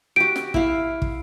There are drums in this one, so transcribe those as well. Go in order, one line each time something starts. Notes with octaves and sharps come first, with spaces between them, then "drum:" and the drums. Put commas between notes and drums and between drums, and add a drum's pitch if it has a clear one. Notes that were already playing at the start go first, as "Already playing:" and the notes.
F#4 G4 D7
drum: snare
E4 F5, drum: kick
drum: kick